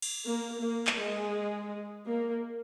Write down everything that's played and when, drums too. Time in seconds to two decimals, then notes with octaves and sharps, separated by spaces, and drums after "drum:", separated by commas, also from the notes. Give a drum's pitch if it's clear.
0.02 drum: cymbal
0.23 A#3
0.60 A#3
0.87 drum: clap
0.96 G#3
2.05 A#3